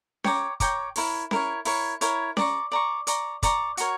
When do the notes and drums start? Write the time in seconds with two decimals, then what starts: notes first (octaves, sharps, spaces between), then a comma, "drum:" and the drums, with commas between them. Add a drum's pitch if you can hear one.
0.24 C#5 G5 A#5 D6, drum: snare C#4
0.60 C#5 G5 A#5 D6, drum: kick, hi-hat
0.96 E4 A#4 C#5, drum: open hi-hat
1.31 E4 A#4 C#5, drum: snare C#4
1.65 E4 A#4 C#5, drum: open hi-hat
2.01 E4 A#4 C#5, drum: hi-hat
2.37 D5 A#5 C#6, drum: snare C#4
2.72 D5 A#5 C#6
3.07 D5 A#5 C#6, drum: hi-hat
3.43 D5 A#5 C#6, drum: kick, hi-hat
3.77 F#4 A#4 C#5, drum: hi-hat